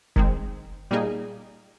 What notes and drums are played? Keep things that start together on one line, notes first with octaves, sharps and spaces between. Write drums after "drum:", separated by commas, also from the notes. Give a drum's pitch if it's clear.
D#3 G#3 C4, drum: kick F1
A#2 G3 A#3 D#4 G#4